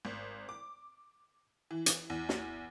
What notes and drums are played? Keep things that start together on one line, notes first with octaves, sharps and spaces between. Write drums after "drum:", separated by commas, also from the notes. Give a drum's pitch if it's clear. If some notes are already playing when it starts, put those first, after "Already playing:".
G#1
D6
E3
drum: hi-hat
E2
drum: snare